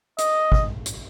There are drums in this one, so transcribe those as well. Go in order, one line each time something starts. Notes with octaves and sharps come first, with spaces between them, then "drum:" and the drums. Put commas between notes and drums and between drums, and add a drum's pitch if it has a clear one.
D#5, drum: hi-hat
drum: kick
drum: hi-hat